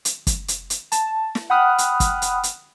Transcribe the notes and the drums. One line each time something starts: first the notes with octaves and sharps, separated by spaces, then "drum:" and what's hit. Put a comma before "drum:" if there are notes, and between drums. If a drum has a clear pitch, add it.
drum: hi-hat
drum: kick, hi-hat
drum: hi-hat
drum: hi-hat
A5, drum: hi-hat
drum: snare
F#5 G5 B5 D#6 F6 F#6
drum: hi-hat
drum: kick, hi-hat
drum: hi-hat
drum: hi-hat